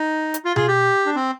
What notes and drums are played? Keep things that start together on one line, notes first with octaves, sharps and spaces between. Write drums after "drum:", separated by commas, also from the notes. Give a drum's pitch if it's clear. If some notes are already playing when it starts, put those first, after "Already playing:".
Already playing: D#4
drum: hi-hat
F4
F4 G#4, drum: tom B2
G4
D4
C4